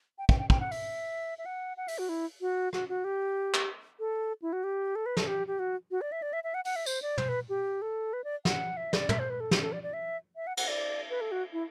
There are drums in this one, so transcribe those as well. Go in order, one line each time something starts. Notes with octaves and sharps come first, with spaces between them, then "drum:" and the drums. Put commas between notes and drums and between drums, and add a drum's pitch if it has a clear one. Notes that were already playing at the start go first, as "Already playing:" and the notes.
G5
G5, drum: kick
G5
G5, drum: kick
F#5
E5, drum: open hi-hat
E5
F#5
F#5
E5, drum: open hi-hat
F#4
E4
F#4
F#4, drum: rim click
F#4
G4
drum: clap
A4
E4
F#4
G4
A4
B4
A4, drum: snare
G4
G4
F#4
F#4
D5
E5
D5
E5
E5
F#5
F#5, drum: open hi-hat
E5
C5, drum: tambourine
D5
C5, drum: tom
B4
G4
A4
B4
D5
F#5, drum: snare
E5
D5, drum: snare
E5, drum: tom
C5
B4
A4
G4, drum: snare
A4
D5
D5
E5
E5
F#5
F#5, drum: cymbal
D5
B4
A4
F#4
E4